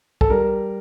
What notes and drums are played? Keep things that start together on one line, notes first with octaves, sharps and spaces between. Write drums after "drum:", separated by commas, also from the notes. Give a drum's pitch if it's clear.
A4, drum: kick
G3 A#4